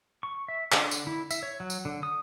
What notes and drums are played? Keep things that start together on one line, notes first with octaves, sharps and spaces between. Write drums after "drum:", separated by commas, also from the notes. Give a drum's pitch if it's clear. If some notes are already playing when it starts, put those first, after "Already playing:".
C#6
E5
D3, drum: clap
drum: tambourine
E4
E5, drum: tambourine
C#5
F#3
drum: tambourine
D3
D#6